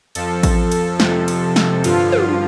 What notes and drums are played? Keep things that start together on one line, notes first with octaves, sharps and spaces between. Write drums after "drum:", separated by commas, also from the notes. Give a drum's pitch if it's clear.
F2 F3 A4, drum: cymbal
drum: kick A1, cymbal
drum: cymbal
F2 C3 F3, drum: snare
drum: cymbal
drum: snare
G2 D3 F3 F4, drum: cymbal
drum: tom